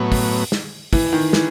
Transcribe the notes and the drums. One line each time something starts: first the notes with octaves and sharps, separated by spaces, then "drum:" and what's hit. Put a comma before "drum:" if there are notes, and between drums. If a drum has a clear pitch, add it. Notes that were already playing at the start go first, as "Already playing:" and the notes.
Already playing: A2 F#3 B3
drum: kick, open hi-hat
drum: snare
E3, drum: kick, open hi-hat
D#3
E3, drum: snare